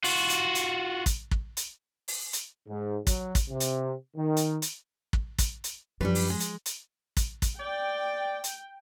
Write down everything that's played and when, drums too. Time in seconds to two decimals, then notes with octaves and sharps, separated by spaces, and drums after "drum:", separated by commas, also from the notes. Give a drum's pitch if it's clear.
0.04 F4 F#4, drum: open hi-hat
0.30 drum: hi-hat
0.55 drum: hi-hat
1.06 drum: kick, hi-hat
1.31 drum: kick
1.57 drum: hi-hat
2.08 drum: open hi-hat
2.33 drum: hi-hat
2.67 G#2
3.07 F#3, drum: kick, hi-hat
3.35 drum: kick, hi-hat
3.49 C3
3.60 drum: hi-hat
4.16 D#3
4.37 drum: hi-hat
4.62 drum: hi-hat
5.13 drum: kick
5.39 drum: kick, hi-hat
5.64 drum: hi-hat
6.01 F#2 F3 G3 D4 B4
6.15 drum: open hi-hat
6.30 G#3
6.40 drum: hi-hat
6.66 drum: hi-hat
7.17 drum: kick, hi-hat
7.42 drum: kick, hi-hat
7.60 D5 G5
8.44 drum: hi-hat